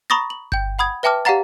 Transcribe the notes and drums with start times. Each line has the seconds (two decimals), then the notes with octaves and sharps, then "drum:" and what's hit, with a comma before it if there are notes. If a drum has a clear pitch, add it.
0.10 A#5 B5 C#6 D#6 A6 A#6
0.30 F#7
0.52 G5 G6, drum: kick G1
0.79 F#5 B5 D#6 G#6
1.03 B4 E5 G5 A5 D6 F6
1.25 G4 D5 F5 F#5 A#5 A6